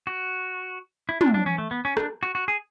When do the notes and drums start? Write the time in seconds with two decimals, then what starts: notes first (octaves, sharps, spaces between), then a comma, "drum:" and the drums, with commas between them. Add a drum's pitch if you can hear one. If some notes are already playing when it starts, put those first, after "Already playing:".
0.07 F#4
1.09 E4
1.21 D4, drum: tom
1.34 D4
1.46 C#4
1.58 A3
1.71 B3
1.85 C#4
1.97 D4, drum: rim click
2.23 F#4
2.35 F#4
2.48 G#4